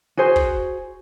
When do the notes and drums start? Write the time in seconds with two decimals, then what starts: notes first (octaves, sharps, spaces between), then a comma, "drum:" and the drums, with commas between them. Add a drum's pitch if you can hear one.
0.17 F#4 G#4 C5 G#5
0.36 drum: kick